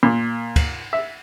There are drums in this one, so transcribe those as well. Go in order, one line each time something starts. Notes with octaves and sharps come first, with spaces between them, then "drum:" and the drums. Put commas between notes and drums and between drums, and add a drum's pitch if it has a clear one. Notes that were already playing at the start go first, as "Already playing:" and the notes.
A#2
drum: kick, cymbal
E5